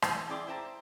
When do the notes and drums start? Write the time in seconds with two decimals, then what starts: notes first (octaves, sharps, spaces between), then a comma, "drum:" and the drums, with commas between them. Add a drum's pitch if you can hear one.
0.02 E3, drum: rim click
0.29 E4 G#4 D5 G5 C6 D6
0.47 E4 C5 G5 A5 A#5